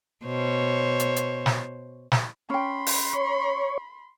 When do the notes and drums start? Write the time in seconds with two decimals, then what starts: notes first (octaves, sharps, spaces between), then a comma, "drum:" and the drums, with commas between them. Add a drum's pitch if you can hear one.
0.24 B2 C5 C#5
1.00 drum: hi-hat
1.16 drum: hi-hat
1.46 drum: snare
2.12 drum: snare
2.50 C#4 G5 B5 C6
2.87 drum: open hi-hat
3.13 C#5